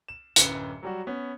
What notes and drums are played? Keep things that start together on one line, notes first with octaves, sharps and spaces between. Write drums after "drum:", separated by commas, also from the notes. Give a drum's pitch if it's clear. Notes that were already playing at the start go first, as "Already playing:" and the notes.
E7
D1 F#2 B4 C#7 E7 G7, drum: hi-hat
F#3 G3 F#4
B3 C#4